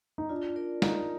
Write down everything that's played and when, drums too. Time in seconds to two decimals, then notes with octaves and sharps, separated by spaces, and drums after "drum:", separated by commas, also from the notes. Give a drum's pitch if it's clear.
0.18 D#4
0.29 D4 F4
0.56 A#4 D5
0.82 D#4 F4, drum: snare